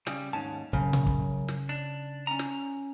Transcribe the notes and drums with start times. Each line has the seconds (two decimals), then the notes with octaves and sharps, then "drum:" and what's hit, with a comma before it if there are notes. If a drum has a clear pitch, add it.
0.07 C#3 G3, drum: snare
0.33 D#2 G#2 C#4 A5
0.73 F#2 C#3, drum: kick
0.93 drum: tom A#2
1.07 drum: kick
1.48 drum: snare
1.69 D4
2.27 C#4 A#5
2.39 drum: snare